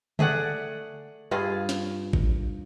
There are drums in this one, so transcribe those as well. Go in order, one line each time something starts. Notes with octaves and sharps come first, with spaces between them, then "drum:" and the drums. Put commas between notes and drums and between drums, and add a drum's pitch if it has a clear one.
A3 G#4 D5 F#5, drum: tom C#3
G2 F4 G#4
drum: snare
drum: kick A1